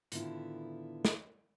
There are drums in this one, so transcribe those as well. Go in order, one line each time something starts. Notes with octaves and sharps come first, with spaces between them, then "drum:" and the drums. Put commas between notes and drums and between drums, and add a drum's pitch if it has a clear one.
A2 D3 D#3 B3 E4 F4, drum: hi-hat
drum: snare